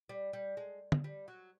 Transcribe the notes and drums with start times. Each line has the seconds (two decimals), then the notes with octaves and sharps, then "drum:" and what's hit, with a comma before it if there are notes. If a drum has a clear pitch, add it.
0.09 G3
0.33 G3
0.57 G#3
0.92 drum: tom
1.04 G3
1.28 F#3